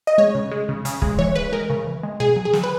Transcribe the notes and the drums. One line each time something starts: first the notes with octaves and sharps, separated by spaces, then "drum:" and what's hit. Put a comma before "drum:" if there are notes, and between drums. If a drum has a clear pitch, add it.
D#5
G#3 C#5
C#3
G#3
C#3
C#3, drum: hi-hat
G#3, drum: kick
E3 C#5
C#3 B4
G#3 A#4
C#3
E3
G#3
B2 G#4
F#3
G#4
F#3, drum: snare
B4